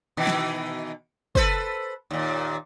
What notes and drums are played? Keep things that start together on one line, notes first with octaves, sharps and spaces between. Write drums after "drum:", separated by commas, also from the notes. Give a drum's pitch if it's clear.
B2 D#3 E3
drum: snare
A4 B4 C5, drum: kick
D#2 A#2